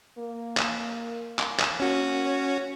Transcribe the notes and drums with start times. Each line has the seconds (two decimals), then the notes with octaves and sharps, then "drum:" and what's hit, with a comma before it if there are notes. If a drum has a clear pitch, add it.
0.18 A#3
0.57 drum: clap
1.39 drum: clap
1.59 drum: clap
1.80 A#3 C#4 F#4
2.25 C#5